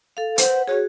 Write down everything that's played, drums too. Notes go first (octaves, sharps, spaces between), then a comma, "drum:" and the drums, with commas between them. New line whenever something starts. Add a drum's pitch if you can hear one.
A4 F5
B4 C5 F#5, drum: hi-hat
F#4 G#4 C#5